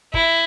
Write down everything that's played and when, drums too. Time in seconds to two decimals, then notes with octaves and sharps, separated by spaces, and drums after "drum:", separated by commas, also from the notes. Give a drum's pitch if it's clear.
0.14 E4, drum: kick